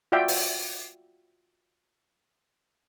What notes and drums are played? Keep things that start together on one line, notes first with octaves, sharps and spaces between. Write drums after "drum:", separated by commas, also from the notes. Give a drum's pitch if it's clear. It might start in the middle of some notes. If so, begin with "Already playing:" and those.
F4 F#4 D5 E5 G5
drum: open hi-hat